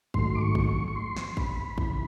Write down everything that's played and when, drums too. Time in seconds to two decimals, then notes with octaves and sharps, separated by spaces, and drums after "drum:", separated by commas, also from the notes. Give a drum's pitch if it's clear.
0.14 G#2 D#3 F#3 A3 C6, drum: kick
0.35 D6
0.41 C#6
0.55 drum: kick
0.69 C#6
0.88 C#6
0.96 C6
1.16 drum: snare
1.30 C6
1.37 B5, drum: kick
1.78 F#2 C#3 E3, drum: kick